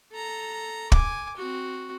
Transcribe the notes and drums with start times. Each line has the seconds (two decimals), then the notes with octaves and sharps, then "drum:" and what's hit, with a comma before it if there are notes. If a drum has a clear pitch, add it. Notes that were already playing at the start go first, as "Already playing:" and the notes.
0.12 A4 A#5
0.92 G#5 D6, drum: kick
1.37 C4 F#4